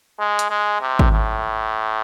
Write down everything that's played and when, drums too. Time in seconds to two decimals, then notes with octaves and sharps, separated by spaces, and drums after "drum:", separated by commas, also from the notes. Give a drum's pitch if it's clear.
0.19 G#3
0.39 drum: hi-hat
0.50 G#3
0.81 C3
0.99 drum: kick G#1
1.12 A2